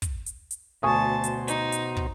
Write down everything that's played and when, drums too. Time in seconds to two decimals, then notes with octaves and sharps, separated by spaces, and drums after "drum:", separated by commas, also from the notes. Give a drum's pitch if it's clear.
0.02 drum: kick, hi-hat
0.26 drum: hi-hat
0.51 drum: hi-hat
0.83 D2 B2 F#4 C5 G#5 A5 C#6 D#6
1.24 drum: hi-hat
1.48 D#4, drum: hi-hat
1.72 drum: hi-hat
1.97 drum: kick